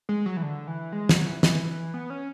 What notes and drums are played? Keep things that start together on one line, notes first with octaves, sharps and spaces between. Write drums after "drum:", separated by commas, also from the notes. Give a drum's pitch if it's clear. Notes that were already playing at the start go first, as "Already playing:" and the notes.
G#3
F#3
E3
D3
E3
G#3
F#3, drum: snare
E3
E3, drum: snare
B3
C#4